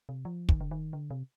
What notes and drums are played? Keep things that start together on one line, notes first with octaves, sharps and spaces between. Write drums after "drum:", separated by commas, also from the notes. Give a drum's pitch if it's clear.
C3
F3
D#3, drum: kick
D3
D#3
D3
C3